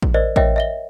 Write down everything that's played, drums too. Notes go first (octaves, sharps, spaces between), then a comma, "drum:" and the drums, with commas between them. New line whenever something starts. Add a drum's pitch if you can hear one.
drum: kick A1
A#4 C5 D5 D#5
A#4 C#5 D#5 E5 G5, drum: kick A1
D#5 E5 G7